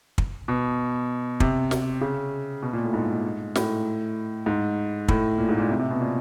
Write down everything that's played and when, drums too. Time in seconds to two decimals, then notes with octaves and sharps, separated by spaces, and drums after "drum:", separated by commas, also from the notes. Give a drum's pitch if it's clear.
0.18 drum: kick
0.48 B2
1.40 C3, drum: kick
1.71 drum: snare
2.01 C#3
2.62 B2
2.73 A#2
2.83 A2
2.93 G#2
3.55 A2, drum: snare
4.46 G#2
5.08 A2, drum: kick
5.38 A#2
5.49 G#2
5.59 A#2
5.69 C3
5.79 C3
5.90 B2
6.01 A#2